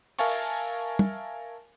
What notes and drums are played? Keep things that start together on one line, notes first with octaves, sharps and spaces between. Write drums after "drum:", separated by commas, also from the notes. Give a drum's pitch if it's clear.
A#4 E5 F5 G#5 A5 C#6, drum: open hi-hat
drum: tom